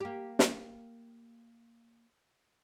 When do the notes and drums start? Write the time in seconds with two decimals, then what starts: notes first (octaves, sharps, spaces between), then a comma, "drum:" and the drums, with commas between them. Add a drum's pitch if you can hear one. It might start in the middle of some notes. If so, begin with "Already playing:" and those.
0.01 A#3 G4
0.39 drum: snare